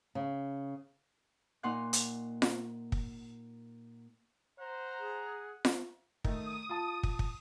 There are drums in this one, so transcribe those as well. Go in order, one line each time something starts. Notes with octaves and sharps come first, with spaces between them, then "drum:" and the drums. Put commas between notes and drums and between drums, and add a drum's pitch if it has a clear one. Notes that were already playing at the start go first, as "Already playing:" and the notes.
C#3
A#2 D#4 F#5 C6 C#6 F#6
drum: hi-hat
drum: snare F4
drum: kick
C5 F#5 A#5
G#4
drum: snare F4
D#3 A3 D#6, drum: kick
F4 A5
drum: kick
drum: kick